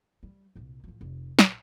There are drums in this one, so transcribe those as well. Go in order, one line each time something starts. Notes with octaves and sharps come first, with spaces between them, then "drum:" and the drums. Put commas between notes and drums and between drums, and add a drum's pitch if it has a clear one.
G3
C2 A#2
A2 F3
F1
A#1, drum: snare